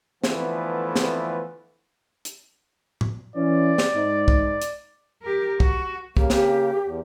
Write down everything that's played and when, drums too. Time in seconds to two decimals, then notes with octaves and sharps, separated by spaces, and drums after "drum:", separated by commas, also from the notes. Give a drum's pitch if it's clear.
0.24 D3 E3 F3 A3 B3, drum: snare
0.96 drum: snare
2.25 drum: hi-hat
3.01 drum: tom A2
3.36 E3 C#4 D5
3.78 drum: snare
3.93 G#2 D#4
4.28 drum: kick
4.62 drum: hi-hat
5.22 G4 A#4
5.60 F#4, drum: kick
6.17 C#3 A#3 G4, drum: kick
6.30 G4, drum: snare
6.85 E2